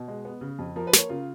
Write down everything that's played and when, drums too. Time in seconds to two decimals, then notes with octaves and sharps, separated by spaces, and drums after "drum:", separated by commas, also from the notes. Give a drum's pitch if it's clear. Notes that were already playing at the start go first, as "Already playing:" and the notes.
Already playing: B2
0.08 G#3
0.25 B3
0.41 C#3
0.59 F2
0.76 F3 A#4
0.87 B4
0.93 A#3 C#5, drum: snare
1.09 C#3 F4